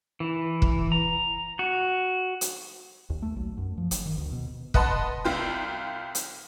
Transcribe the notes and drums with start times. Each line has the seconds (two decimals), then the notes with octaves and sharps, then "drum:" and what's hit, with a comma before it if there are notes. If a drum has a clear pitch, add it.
0.20 E3
0.62 drum: kick
0.92 A#5
1.59 F#4
2.41 drum: hi-hat
3.10 D#2
3.22 A3
3.36 B1
3.57 F#2
3.78 F3
3.91 G1, drum: hi-hat
4.06 D#3
4.18 D2
4.32 B2
4.74 B4 D#5 F#5 A5 C6, drum: kick
5.25 C2 F4 G5
6.15 drum: hi-hat